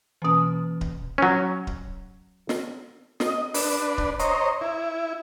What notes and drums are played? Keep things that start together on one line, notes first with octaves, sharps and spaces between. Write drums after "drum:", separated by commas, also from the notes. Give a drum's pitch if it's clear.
B2 E3 A#3 C#4
drum: kick D1
F#3 C#4
drum: kick D1
drum: snare
D#5, drum: snare
D4 B4, drum: open hi-hat
drum: kick D1
C5 C#5 D#5 A#5, drum: hi-hat
E4